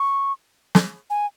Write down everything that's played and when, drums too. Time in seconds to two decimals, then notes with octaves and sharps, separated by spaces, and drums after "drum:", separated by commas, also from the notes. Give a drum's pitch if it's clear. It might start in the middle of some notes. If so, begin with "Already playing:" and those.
Already playing: C#6
0.75 drum: snare
1.10 G#5